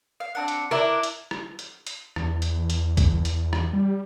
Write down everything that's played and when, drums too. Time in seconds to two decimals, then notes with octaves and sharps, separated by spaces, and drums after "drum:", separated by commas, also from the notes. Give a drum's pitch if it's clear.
0.20 F5
0.35 C4 D4 F#5
0.48 drum: hi-hat
0.71 D4 E4 A#4 C#5 D5
1.03 drum: hi-hat
1.31 drum: rim click
1.59 drum: hi-hat
1.87 drum: hi-hat
2.16 E2, drum: rim click
2.42 drum: hi-hat
2.70 drum: hi-hat
2.97 drum: kick, hi-hat
3.25 drum: hi-hat
3.53 drum: rim click
3.73 G3